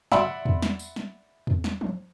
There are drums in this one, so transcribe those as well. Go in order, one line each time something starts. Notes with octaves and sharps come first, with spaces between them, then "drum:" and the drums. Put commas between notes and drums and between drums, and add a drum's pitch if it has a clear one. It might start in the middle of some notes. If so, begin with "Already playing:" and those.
D5 E5 F#5 B5 C6 E6, drum: snare
drum: tom E2
drum: snare
drum: tambourine
drum: snare
drum: tom E2
drum: snare
drum: tom F3